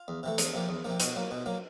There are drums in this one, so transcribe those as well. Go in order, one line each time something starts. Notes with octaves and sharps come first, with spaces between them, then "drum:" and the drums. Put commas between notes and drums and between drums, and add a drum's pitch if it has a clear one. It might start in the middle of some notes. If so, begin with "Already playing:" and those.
Already playing: F4
E2
C3 E3 A3
E2, drum: hi-hat
C3 F3 A#3
E2
C3 F3 A#3
B2 F#4, drum: hi-hat
F#3 A#3
B2
F#3 A#3